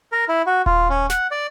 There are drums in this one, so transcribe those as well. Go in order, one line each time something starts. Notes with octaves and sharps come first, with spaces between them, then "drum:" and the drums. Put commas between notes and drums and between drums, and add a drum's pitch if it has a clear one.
A#4
E4
F#4
F4, drum: kick D#1
C#4
F#5, drum: snare
D5